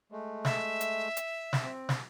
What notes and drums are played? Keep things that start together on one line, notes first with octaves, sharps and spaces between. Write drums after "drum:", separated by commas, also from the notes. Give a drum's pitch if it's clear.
G#3 A3
E5, drum: snare
drum: hi-hat
drum: hi-hat
drum: snare
C4
drum: snare